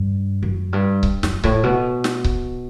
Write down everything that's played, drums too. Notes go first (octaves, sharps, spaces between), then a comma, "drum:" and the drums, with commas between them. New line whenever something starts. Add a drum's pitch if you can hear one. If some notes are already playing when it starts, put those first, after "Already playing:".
Already playing: G2
F#2
G2
drum: kick C#1
F#2, drum: snare
A2, drum: kick C#1
B2
drum: snare
drum: kick C#1